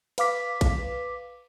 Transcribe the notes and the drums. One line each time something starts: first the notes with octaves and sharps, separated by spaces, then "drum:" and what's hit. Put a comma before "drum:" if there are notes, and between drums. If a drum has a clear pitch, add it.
B4 F5 D6 B6, drum: cymbal
drum: kick A1, cymbal